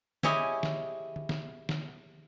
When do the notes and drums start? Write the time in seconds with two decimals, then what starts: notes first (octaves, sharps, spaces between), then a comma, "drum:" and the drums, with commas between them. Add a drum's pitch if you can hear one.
0.23 E4 G4 G#4 C#5 D#5, drum: snare D#3
0.63 drum: snare D#3
1.16 drum: tom
1.29 drum: snare D#3
1.69 drum: snare D#3